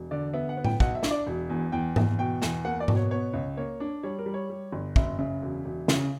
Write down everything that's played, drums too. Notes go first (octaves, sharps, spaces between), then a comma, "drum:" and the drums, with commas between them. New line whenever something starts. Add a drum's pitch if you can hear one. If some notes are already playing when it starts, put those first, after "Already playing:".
Already playing: E1
D3 D5
B3 E5
F#5
B3
G5, drum: tom A2
B1 F#5, drum: kick
E5
D4, drum: snare
D5
E1
E2
E2 G5
E2, drum: tom G#2
B2 G5
E2, drum: snare
A#3 F#5
D5
B2, drum: tom G#2
C#5
B3 C#5
C#2
A#3 C#5
D4
G3 C#5
A#4
G3
C#5
G3
G1
F#1 E5, drum: kick
C#3 E5
E1
E1
C#3, drum: snare